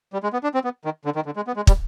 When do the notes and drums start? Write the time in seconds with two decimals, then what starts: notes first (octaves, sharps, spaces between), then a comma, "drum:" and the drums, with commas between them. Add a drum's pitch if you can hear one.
0.13 G3
0.23 G#3
0.33 B3
0.43 D4
0.54 C4
0.64 B3
0.85 D#3
1.05 D3
1.16 D#3
1.26 D3
1.36 G#3
1.47 B3
1.56 G#3
1.67 G3, drum: kick